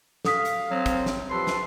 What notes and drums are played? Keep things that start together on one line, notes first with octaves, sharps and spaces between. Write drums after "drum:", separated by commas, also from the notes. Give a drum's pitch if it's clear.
A4 F5 D#6 B6, drum: snare
drum: hi-hat
F#3 C4
drum: kick, hi-hat
drum: snare
F3 G4 A4 B4 C6
drum: snare